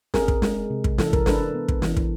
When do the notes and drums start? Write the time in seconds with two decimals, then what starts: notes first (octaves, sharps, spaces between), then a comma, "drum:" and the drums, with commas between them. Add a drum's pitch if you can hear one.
0.14 C4 G#4 A#4, drum: snare
0.28 drum: kick
0.42 G#3, drum: snare
0.70 C3
0.84 drum: kick
0.98 E3 A4, drum: snare
1.13 A#4, drum: kick
1.26 D4 A4 B4, drum: snare
1.54 B3
1.68 drum: kick
1.82 E3, drum: snare
1.97 drum: kick